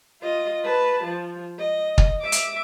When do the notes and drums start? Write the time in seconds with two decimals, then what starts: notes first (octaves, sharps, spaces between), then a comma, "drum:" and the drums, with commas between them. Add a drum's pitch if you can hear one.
0.21 F4 D#5
0.64 B4 A5
1.04 F3
1.59 D#5
1.98 drum: kick
2.21 E5 D6
2.32 drum: hi-hat